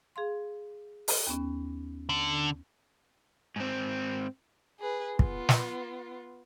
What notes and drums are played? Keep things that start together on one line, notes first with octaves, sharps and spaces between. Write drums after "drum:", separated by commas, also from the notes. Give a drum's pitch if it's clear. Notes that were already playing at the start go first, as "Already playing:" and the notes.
G#4 F5 C6
drum: open hi-hat
D#2 B3 C#4
D3
G#2 C4
G#4 B4
B3 F4, drum: kick
drum: snare